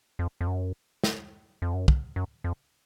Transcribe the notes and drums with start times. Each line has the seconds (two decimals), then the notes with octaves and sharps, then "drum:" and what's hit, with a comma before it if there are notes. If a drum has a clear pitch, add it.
0.19 F2
0.41 F2
0.47 F#2
1.04 drum: snare
1.62 F2
1.74 F#2
1.88 drum: kick
2.16 F#2
2.44 F2